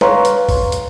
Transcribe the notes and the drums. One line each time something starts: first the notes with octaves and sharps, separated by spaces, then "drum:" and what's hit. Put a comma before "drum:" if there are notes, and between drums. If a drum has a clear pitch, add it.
B4 C#5 F5 A#5 C6 C#6, drum: snare
drum: hi-hat
drum: kick, open hi-hat
drum: hi-hat